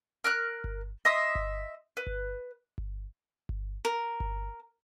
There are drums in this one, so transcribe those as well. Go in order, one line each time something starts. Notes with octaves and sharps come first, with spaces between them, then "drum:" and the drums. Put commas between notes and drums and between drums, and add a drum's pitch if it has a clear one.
A#4 F6 F#6
drum: kick G1
D#5 E5 C6 D#6
drum: kick G1
B4
drum: kick G1
drum: kick G1
drum: kick G1
A#4
drum: kick G1